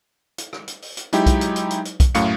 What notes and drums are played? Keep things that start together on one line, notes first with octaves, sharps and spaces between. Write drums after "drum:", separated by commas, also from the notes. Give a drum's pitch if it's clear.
drum: hi-hat
drum: rim click
drum: hi-hat
drum: open hi-hat
drum: hi-hat
F#3 G#3 D#4 E4 G4, drum: hi-hat
drum: kick B1, hi-hat
drum: hi-hat
drum: hi-hat
drum: hi-hat
drum: hi-hat
drum: kick B1, hi-hat
F#2 A2 A3 F5 C#7, drum: hi-hat